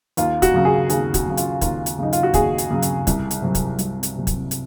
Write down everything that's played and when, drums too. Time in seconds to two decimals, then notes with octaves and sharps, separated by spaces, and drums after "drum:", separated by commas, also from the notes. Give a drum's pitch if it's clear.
0.17 D#2 F4, drum: hi-hat
0.42 F#4, drum: kick, hi-hat
0.54 C#3 F#3
0.65 G#4
0.90 D#2 G#4, drum: hi-hat
1.14 F#4, drum: kick, hi-hat
1.25 C#3 F#3
1.37 F4, drum: hi-hat
1.61 D#2 F4, drum: kick, hi-hat
1.86 drum: hi-hat
1.98 C#3 F#3 D#4
2.13 F4, drum: hi-hat
2.23 F#4
2.34 D#2 G#4, drum: kick, hi-hat
2.58 drum: hi-hat
2.70 C#3 F#3
2.82 drum: hi-hat
3.07 C2, drum: kick, hi-hat
3.31 drum: hi-hat
3.42 C3 F#3
3.55 drum: kick, hi-hat
3.79 C2, drum: hi-hat
4.03 drum: hi-hat
4.15 C3 F#3
4.27 drum: kick, hi-hat
4.51 drum: hi-hat